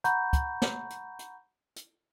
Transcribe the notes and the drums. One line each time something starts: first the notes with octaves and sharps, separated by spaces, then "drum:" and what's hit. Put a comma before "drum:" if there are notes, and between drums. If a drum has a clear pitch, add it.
F#5 A#5 B5 C#6 G6, drum: hi-hat
drum: kick, hi-hat
drum: snare
drum: hi-hat
drum: hi-hat
drum: hi-hat